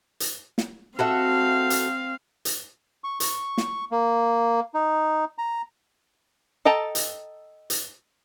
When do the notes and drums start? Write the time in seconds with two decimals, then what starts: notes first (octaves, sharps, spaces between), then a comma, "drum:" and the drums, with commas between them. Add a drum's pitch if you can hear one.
0.20 drum: hi-hat
0.58 drum: snare
0.99 C4 F#4 A4 E5 F5
1.70 drum: hi-hat
2.45 drum: hi-hat
3.04 C#6
3.20 C#6, drum: hi-hat
3.58 drum: snare
3.91 A#3
4.74 D#4
5.38 A#5
6.65 A4 D#5 G5 A5 A#5
6.95 drum: hi-hat
7.70 drum: hi-hat